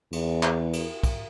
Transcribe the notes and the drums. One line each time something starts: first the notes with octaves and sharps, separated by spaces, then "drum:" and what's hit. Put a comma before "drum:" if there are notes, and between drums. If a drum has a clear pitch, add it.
E2, drum: cymbal
drum: clap
drum: cymbal
drum: kick, cymbal